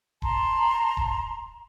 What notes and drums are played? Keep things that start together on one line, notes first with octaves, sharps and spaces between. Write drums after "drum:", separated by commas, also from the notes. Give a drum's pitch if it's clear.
A5 A#5 C6, drum: kick D#1
drum: kick D#1